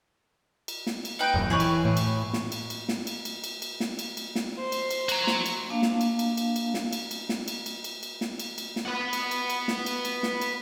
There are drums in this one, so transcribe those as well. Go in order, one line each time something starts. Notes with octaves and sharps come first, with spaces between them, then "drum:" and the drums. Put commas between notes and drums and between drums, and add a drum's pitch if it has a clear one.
drum: cymbal
drum: snare
drum: cymbal
D#4 B4 G5
D#1 F#2
E3 G#4 B4 C#5
drum: cymbal
A2
drum: cymbal
drum: snare
drum: cymbal
drum: cymbal
drum: snare
drum: cymbal
drum: cymbal
drum: cymbal
drum: cymbal
drum: snare
drum: cymbal
drum: cymbal
drum: snare
C5
drum: cymbal
drum: cymbal
F#4 A#5, drum: cymbal
drum: snare
drum: cymbal
A#3 D4 F5 A5
drum: snare
drum: cymbal
drum: cymbal
drum: cymbal
drum: cymbal
drum: snare
drum: cymbal
drum: cymbal
drum: snare
drum: cymbal
drum: cymbal
drum: cymbal
drum: cymbal
drum: snare
drum: cymbal
drum: cymbal
drum: snare
B4 F#5
drum: cymbal
drum: cymbal
drum: cymbal
drum: snare
drum: cymbal
drum: cymbal
drum: snare
drum: cymbal